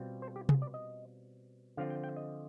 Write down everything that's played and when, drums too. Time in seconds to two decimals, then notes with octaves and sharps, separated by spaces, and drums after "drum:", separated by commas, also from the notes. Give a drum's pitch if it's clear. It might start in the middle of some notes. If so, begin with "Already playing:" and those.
Already playing: B2 G3 C4 F4
0.22 C5
0.36 G4
0.49 G#4, drum: tom C3
0.62 D5
0.74 D#5
1.77 D3 F3 C4 F4 F5
1.90 G5
2.04 G5
2.16 D#5